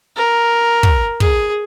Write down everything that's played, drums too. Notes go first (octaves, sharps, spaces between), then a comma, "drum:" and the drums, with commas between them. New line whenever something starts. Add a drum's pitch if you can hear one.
A#4
drum: kick
G#4, drum: kick